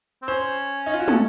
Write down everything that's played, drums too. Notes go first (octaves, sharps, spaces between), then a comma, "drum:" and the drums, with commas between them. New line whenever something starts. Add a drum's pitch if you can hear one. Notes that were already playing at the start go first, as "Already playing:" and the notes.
C4
C#4 C5
D#4
F4
F#4
A4, drum: tom